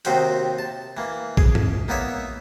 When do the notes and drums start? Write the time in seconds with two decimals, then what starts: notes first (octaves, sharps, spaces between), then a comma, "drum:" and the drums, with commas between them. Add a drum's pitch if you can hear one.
0.05 D#2 C3 D#3 C4 F#4 G5, drum: hi-hat
0.59 A5
0.97 E3 A#3
1.37 G#4, drum: kick A#1
1.55 drum: tom G2
1.88 A#3 B3 D#4 C#5 E5